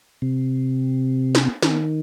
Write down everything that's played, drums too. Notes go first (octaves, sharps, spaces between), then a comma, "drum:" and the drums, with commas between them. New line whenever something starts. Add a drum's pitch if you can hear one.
C3
drum: snare
D#3, drum: snare